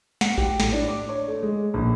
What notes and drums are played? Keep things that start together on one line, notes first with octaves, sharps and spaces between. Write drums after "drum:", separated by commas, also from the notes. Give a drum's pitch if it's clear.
F#5, drum: snare
G4, drum: kick A1
A2, drum: snare
D4
D6
C#5
A3
G#3
A#1